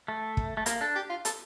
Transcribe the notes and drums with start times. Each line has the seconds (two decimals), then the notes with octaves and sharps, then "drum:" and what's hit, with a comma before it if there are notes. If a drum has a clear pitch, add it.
0.08 A3
0.37 drum: kick
0.57 A3
0.66 A#3 A#4, drum: hi-hat
0.81 D4 A4
0.95 G4
1.10 F4
1.25 A4, drum: hi-hat